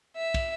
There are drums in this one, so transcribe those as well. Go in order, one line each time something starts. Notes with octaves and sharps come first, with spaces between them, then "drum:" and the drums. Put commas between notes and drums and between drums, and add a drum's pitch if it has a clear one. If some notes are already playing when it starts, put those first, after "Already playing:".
E5
drum: kick, cymbal